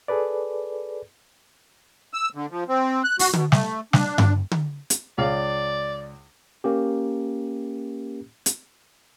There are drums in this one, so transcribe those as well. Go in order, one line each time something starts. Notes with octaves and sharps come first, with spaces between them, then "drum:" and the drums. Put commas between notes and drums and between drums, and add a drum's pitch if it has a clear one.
G#4 A4 B4 D5
E6
D3
F3
C4
F#6
F#4, drum: open hi-hat
B2, drum: tom D3
A3, drum: snare
D4, drum: snare
drum: tom G2
drum: tom D3
drum: hi-hat
C#2 D5 F5
A#3 C#4 G4
drum: hi-hat